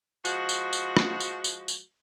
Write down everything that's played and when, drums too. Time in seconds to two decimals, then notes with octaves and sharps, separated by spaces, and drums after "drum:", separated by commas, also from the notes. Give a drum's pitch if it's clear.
0.25 F3 G#3 F#4, drum: tambourine
0.49 drum: tambourine
0.73 drum: tambourine
0.97 drum: rim click
1.20 drum: tambourine
1.44 drum: tambourine
1.68 drum: tambourine